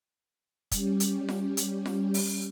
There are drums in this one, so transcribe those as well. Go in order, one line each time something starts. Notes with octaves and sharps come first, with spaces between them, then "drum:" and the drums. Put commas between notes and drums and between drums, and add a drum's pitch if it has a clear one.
G3 C#4 G4, drum: kick, hi-hat
drum: hi-hat
drum: snare F4
drum: hi-hat
drum: snare F4
drum: open hi-hat